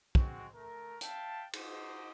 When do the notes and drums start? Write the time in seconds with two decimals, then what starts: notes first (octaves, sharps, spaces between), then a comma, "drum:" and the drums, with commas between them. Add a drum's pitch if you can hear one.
0.15 G#3 C4 F#4, drum: kick
0.53 A3 A#4
1.01 E5 F5 G5 A5, drum: hi-hat
1.53 D#4 F#4 C5 D#5 C6 D6, drum: cymbal